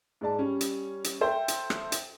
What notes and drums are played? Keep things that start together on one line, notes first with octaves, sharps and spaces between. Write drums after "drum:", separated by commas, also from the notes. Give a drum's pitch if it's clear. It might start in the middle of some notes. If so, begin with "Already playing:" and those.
G#2 G#3 D5 A5
G3 C#4
drum: hi-hat
drum: hi-hat
A4 C5 E5 G5
drum: hi-hat
drum: rim click
drum: hi-hat